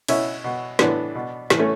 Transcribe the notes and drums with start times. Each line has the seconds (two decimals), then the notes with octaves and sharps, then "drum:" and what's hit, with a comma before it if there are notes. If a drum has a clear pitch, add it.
0.08 B2 C#4 E4, drum: cymbal
0.44 B2
0.79 A2 E3 B3 D4, drum: snare
1.15 B2
1.50 A2 E3, drum: snare
1.59 A3 C#4